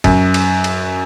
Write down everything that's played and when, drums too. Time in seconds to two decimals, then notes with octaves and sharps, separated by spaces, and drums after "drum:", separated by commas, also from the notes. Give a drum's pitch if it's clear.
0.04 F#2, drum: kick, cymbal
0.34 drum: cymbal
0.64 drum: cymbal